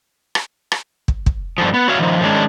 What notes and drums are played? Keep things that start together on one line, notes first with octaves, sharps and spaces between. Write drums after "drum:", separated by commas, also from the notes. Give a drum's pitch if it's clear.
drum: rim click
drum: rim click
drum: kick
drum: kick
G2 D3 F3
B3
F#4 C#5 E5 F5
D#3 F3
D#3 G#3 C#4 D4